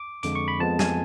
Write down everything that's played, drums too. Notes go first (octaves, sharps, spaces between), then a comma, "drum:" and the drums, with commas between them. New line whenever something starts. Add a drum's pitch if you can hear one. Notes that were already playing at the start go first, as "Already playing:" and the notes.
Already playing: D6
F2 D3 G#3 D6, drum: hi-hat
C#6
B5
F2 F3 G#3 B3 A5
G#5, drum: snare